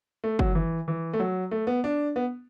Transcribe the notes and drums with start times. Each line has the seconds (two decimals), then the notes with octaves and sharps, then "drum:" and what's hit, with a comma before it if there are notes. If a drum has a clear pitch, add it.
0.24 A3
0.39 F#3, drum: kick F#1
0.55 E3
0.88 E3
1.13 A3
1.20 F#3
1.51 A3
1.67 B3
1.84 D4
2.16 B3